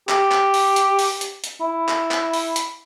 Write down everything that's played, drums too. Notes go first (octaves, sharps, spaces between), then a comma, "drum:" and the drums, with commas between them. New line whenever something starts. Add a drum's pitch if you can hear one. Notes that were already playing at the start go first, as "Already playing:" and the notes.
G4, drum: clap
drum: clap
drum: open hi-hat
drum: hi-hat
drum: open hi-hat
drum: hi-hat
drum: hi-hat
E4
drum: clap
drum: clap
drum: open hi-hat
drum: hi-hat